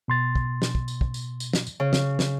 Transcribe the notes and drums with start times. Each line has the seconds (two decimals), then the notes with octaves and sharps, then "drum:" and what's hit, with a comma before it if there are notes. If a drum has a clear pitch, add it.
0.08 B2 C6 A6
0.35 drum: kick
0.62 drum: snare
0.75 drum: kick
0.88 drum: tambourine
1.01 drum: kick
1.14 drum: tambourine
1.40 drum: tambourine
1.53 drum: snare
1.67 drum: tambourine
1.80 C#3
1.93 drum: snare
2.19 drum: snare